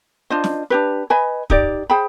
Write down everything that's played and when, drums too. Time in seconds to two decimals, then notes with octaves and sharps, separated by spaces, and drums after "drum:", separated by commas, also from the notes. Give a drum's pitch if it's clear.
0.30 D4 F4 C5 D#5
0.44 drum: snare
0.70 D4 G4 B4
1.10 B4 D#5 G#5 B5
1.50 D#4 G4 D5, drum: kick
1.90 G#4 C5 G5 B5